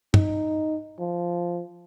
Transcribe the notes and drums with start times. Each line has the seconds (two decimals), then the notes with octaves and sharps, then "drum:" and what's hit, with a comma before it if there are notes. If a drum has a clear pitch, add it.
0.14 D#4, drum: tom
0.99 F3